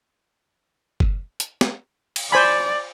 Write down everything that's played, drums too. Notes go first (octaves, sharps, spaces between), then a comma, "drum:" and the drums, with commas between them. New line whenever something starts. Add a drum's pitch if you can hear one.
drum: kick F#1
drum: hi-hat
drum: snare
drum: cymbal
C5 D5 G#5 B5